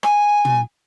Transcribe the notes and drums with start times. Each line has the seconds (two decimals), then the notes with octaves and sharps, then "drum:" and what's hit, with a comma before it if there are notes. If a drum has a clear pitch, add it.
0.03 G#5, drum: rim click
0.45 drum: tom